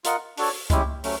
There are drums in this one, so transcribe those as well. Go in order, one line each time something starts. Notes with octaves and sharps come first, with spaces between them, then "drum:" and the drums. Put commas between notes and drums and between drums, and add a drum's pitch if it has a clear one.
F4 A#4 D#5 F#5, drum: hi-hat
D4 F#4 A4 C#5, drum: open hi-hat
G#3 C#4 E4 G4, drum: kick C#2, hi-hat
F#3 A3 C#4, drum: open hi-hat